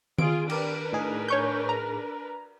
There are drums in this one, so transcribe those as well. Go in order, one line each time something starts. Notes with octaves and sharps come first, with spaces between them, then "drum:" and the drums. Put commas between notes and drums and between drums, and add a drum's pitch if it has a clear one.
F4 G#4 D7, drum: tom D#3
D4 G4 A#4 B4 D5 D6, drum: cymbal
A2 D#4 G#4
C#5 C#6 G6
A#5